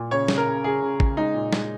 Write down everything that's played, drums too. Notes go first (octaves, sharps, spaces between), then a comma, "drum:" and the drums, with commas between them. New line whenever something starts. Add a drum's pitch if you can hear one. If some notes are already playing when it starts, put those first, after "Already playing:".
Already playing: A#2
C#3 C#5
C#3, drum: snare
A#4
C#3
C#3 G#4
C#3
C#3, drum: kick A1
G#3 D#4
A#2
G#3, drum: snare